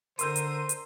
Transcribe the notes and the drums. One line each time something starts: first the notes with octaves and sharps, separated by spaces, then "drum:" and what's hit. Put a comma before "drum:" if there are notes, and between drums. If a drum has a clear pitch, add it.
D3 A#4 C5 C6 E6 G6 D#7, drum: hi-hat
drum: hi-hat
drum: hi-hat